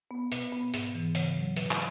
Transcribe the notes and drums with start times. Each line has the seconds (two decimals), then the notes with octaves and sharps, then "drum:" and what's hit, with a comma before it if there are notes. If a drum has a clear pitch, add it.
0.11 B3
0.32 B2, drum: hi-hat
0.52 B3
0.74 G#2, drum: hi-hat
0.95 E3
1.15 C#3, drum: hi-hat
1.37 F#3
1.57 B2, drum: hi-hat
1.71 drum: clap